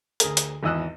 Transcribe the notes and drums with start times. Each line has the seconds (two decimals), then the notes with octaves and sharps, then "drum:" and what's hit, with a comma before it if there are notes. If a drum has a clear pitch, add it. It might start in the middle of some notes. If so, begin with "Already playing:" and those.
0.20 D2 G#4 A#4, drum: hi-hat
0.37 drum: hi-hat
0.63 G#1 E2 E3 D#5 E6 F#6